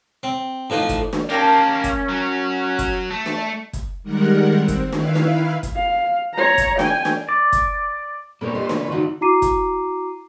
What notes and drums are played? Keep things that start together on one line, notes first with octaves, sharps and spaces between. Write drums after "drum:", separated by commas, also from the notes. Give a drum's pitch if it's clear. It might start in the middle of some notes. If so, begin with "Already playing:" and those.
C4
A2 E3 F3 D#4
drum: kick, hi-hat
drum: snare
A#3 C#4 G4 A#4 G5 A5
drum: kick, hi-hat
F#3
drum: kick, hi-hat
A3
drum: snare
drum: kick, hi-hat
D#3 G3 G#3 A#4 F#5
C4
drum: kick, hi-hat
D#3 E4 B4 F5, drum: snare
drum: snare
drum: kick, hi-hat
F5
C#5 A#5
drum: kick, hi-hat
G5 G#5, drum: snare
drum: snare
D5
drum: kick, hi-hat
A#2 A#3 B3 D4 A4 A#4 C5 C#5
C4 F4 G4 B4 C5 D#5
C#3 B4, drum: snare
D#3 D#4 F4 F#4
E4 F#4 A#5 D6 C7 D#7
drum: kick, hi-hat